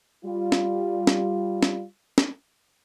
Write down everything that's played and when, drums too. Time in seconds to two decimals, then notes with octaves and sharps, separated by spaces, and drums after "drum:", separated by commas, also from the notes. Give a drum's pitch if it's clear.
0.25 G3 F4
0.52 drum: snare
1.07 drum: snare
1.63 drum: snare
2.18 drum: snare